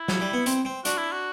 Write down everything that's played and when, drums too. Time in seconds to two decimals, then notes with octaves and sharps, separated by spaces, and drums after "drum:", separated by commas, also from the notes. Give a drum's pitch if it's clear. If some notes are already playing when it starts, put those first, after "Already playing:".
Already playing: E4
0.08 F#3, drum: snare
0.21 G3
0.33 B3
0.46 C4, drum: hi-hat
0.65 C4
0.85 D4 F#4, drum: hi-hat
0.98 E4
1.12 F#4